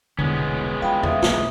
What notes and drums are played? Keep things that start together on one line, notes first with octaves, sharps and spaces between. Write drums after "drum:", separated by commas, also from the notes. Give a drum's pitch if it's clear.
E1 C2 D3 G#3 B3 C#4
F4 F5 G5 B5
C#3 E5 D#6, drum: tom E2
A#1 E3, drum: snare